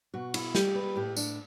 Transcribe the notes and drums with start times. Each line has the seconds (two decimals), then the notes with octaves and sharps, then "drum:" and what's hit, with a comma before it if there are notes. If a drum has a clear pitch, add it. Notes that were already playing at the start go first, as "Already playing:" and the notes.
0.14 B2 F#4
0.34 E4, drum: cymbal
0.55 G3 G4, drum: snare
0.75 B4
0.96 A2 G4
1.17 D4, drum: tambourine